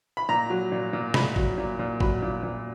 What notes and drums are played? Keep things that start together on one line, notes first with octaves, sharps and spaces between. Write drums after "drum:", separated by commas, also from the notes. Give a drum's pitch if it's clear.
B5
A#2 A#5
F#3
A#2
A#2
A#2 B5, drum: snare
F#3, drum: kick G1
A#2
A#2
F#3 B5, drum: kick G1
A#2
A#2